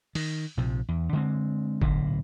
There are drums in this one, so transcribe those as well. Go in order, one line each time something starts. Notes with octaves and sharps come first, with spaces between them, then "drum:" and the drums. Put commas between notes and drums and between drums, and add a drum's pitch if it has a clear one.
D#3, drum: open hi-hat
A#1 C3 F3
E2
D3 G#3 C4
D1 B1 A#2 D3, drum: kick G1